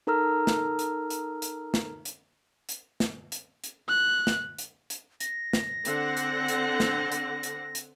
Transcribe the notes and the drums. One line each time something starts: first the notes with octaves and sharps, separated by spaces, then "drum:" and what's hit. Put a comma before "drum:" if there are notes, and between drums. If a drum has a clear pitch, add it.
D#4 A4 A#4 A#5 E6 F6
drum: snare
drum: hi-hat
drum: hi-hat
drum: hi-hat
drum: snare
drum: hi-hat
drum: hi-hat
drum: snare
drum: hi-hat
drum: hi-hat
F#6
drum: snare
drum: hi-hat
drum: hi-hat
A#6, drum: hi-hat
drum: snare
D3 C4 F#5, drum: hi-hat
drum: hi-hat
drum: hi-hat
drum: snare
drum: hi-hat
drum: hi-hat
drum: hi-hat